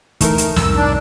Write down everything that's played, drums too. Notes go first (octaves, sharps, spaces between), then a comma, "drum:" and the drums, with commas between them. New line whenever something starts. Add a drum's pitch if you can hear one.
E3 A3 D#4 A#4, drum: kick, hi-hat
drum: hi-hat
C2 F2 G#2 E6, drum: snare
D4